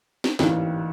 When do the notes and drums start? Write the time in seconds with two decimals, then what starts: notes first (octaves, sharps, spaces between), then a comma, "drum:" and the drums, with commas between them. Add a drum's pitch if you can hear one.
0.24 drum: snare
0.39 A1 G#2 E3 G3 A#3, drum: snare